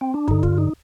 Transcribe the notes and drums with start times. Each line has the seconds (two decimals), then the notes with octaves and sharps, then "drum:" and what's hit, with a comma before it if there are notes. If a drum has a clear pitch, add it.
0.01 C4
0.14 D4
0.28 G2 D3 D#4, drum: kick
0.43 F4, drum: kick
0.58 D#4